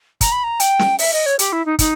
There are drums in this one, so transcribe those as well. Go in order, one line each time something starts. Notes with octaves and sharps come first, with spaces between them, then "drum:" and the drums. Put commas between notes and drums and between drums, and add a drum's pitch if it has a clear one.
A#5, drum: kick, hi-hat
B5
A#5
G5, drum: hi-hat
drum: snare
E5, drum: open hi-hat
D#5
C#5
G4, drum: hi-hat
E4
D#4
D#4, drum: kick, hi-hat